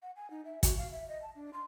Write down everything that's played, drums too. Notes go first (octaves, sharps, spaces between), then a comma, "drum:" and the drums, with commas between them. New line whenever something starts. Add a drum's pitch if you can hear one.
F#5
G#5
D#4
E5
F#4, drum: kick, hi-hat
F5
E5
D#5
A5
D4
C6